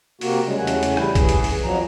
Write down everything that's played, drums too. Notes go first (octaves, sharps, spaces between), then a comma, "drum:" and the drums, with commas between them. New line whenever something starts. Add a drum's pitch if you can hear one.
C3 A#3 F#4, drum: open hi-hat
C#3 G3 G#3
E2 C#3 A3 F#5 G#5
drum: hi-hat
drum: hi-hat
G3 E4, drum: rim click
E3 G#4, drum: kick A#1, hi-hat
drum: hi-hat
drum: open hi-hat
F2 F3 F#3 A#5